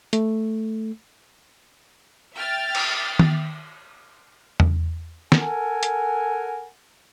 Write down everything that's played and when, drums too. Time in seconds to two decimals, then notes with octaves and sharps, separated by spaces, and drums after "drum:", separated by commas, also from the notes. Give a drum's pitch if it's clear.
0.13 A3, drum: hi-hat
2.37 E5 G5 F6 A6
2.75 drum: cymbal
3.19 drum: tom D#3
4.60 drum: tom E2
5.32 A4 A#4 F#5 G#5, drum: snare
5.83 drum: hi-hat